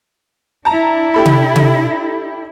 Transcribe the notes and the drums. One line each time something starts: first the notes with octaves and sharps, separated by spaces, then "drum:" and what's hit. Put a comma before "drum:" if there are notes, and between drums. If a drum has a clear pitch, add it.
D4 E4 A5 A#5
G4 A4 B5
drum: tom C3
drum: tom C3